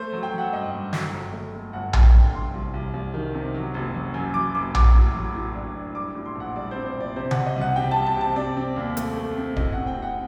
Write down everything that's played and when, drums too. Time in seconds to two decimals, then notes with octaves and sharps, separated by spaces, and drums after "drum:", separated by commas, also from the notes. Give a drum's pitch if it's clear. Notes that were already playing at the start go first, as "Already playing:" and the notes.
Already playing: A3 C5
0.12 F#3
0.23 G5
0.33 F#3 F#5
0.52 G2 D#5
0.73 G2
0.93 F#3, drum: snare
1.13 G1
1.33 A3
1.54 A3
1.73 G1 F#5
1.93 G1, drum: tom A#1
2.03 G5
2.14 D3
2.34 C2 C6
2.54 C2
2.74 C2
2.94 C2
3.14 D#3
3.34 C3
3.54 F#3
3.74 F#1
3.95 F#3
4.14 F#2
4.34 F#2 D6
4.55 F#1 D6
4.75 F#3 D6, drum: tom A#1
4.95 A2
5.15 F#3
5.35 A2
5.55 D4
5.75 D4
5.95 G3 D6
6.15 A2
6.25 C6
6.35 A#1
6.40 F#5
6.56 G3 D5
6.71 C4 C5
6.86 C5
6.96 A#1 D5
7.16 C3 C5
7.31 C3 F#5, drum: tom C#3
7.46 D#5
7.56 C2
7.61 F#5
7.76 C3 G5
7.91 C2 A5
8.06 A5
8.17 C3 A5
8.36 C4 D5
8.57 C4
8.76 D#2
8.97 A3, drum: hi-hat
9.16 A3
9.37 C4
9.56 A2 D#5, drum: kick D1
9.73 C4 F#5
9.87 G5
9.97 C4
10.02 F#5